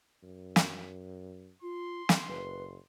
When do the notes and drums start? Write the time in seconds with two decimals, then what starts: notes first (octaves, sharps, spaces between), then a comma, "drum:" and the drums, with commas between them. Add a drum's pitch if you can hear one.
0.23 F#2
0.56 drum: snare
1.62 F4 C6
2.09 drum: snare
2.28 F#1 B4